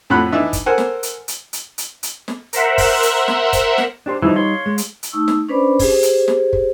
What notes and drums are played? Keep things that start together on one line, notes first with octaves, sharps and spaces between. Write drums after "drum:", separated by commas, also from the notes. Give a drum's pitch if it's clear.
F2 A2 F4 F#5 B5 F#6
E3 D4 D#4 E5 E6
drum: kick, hi-hat
A4 A#4 C5 F#5 G#5
drum: snare
drum: hi-hat
drum: hi-hat
drum: hi-hat
drum: hi-hat
drum: hi-hat
drum: snare
A#4 C5 E5 F#5, drum: hi-hat
drum: kick, open hi-hat
drum: hi-hat
drum: snare
drum: kick, hi-hat
drum: snare
D4 G4 C5
E3 F3 G3 D#4
C#5 F5 C6
G#3
drum: hi-hat
drum: hi-hat
A3 D#4 C#6 E6
drum: snare
C#4 D4 B4 C5 D5 B5
G4 G#4 C5, drum: kick, open hi-hat
drum: hi-hat
drum: snare
drum: kick